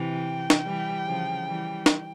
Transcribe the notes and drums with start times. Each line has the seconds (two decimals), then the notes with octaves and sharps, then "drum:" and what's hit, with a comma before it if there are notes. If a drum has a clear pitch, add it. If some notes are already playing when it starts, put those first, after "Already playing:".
Already playing: C3 E3 G5
0.50 drum: snare
0.65 E3 G3
1.05 C#3 F3
1.47 E3 G3
1.86 drum: snare